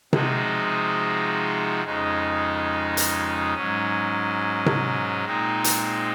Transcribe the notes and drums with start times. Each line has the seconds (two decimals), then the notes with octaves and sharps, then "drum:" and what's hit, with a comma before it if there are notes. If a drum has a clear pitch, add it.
0.13 C3 F3 G#3 D#4 F#4, drum: tom C3
1.83 F2 C#3 G#3 D#4
2.97 drum: hi-hat
3.54 G#2 F#3 C#4
4.66 drum: tom C3
5.25 A#2 G#3 C4 D#4
5.64 drum: hi-hat